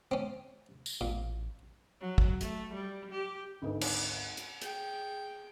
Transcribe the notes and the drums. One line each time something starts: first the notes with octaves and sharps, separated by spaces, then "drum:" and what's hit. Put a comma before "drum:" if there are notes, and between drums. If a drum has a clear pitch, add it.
C4 C#4
drum: tambourine
A1 A#2
F#3
drum: kick
A3, drum: hi-hat
G3
G4
G#1 D2 D#4 A4 B4 D#5
drum: cymbal
drum: hi-hat
G#4 G5, drum: hi-hat